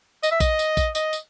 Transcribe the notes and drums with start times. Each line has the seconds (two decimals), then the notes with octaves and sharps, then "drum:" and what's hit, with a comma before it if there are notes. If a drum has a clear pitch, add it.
0.23 D#5, drum: tambourine
0.32 E5
0.40 D#5, drum: kick, tambourine
0.59 drum: tambourine
0.77 drum: kick, tambourine
0.95 D#5, drum: tambourine
1.13 drum: tambourine